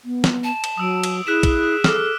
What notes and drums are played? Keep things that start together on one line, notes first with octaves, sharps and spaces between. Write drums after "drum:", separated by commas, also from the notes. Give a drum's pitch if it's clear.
B3
drum: snare
A5
drum: cymbal
F#3 D#6 E6 D7
drum: cymbal
E4 G#4 F#6 B6 E7
drum: kick B1, cymbal
A4 D6 F6, drum: snare